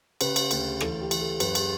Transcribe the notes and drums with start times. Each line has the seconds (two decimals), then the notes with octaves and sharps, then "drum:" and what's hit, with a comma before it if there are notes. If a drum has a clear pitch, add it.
0.21 C#3 G4 B4, drum: cymbal
0.36 drum: cymbal
0.51 D2 G4, drum: cymbal
0.80 E3 A4, drum: rim click
1.01 G4
1.11 E3, drum: cymbal
1.20 A4
1.40 F#2 G4 B4, drum: cymbal
1.55 drum: cymbal